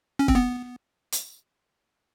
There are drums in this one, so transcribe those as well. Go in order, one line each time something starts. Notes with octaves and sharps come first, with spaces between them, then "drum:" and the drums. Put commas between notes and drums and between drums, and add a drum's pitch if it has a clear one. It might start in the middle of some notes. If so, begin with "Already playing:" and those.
C#4
C4, drum: kick
B3
drum: hi-hat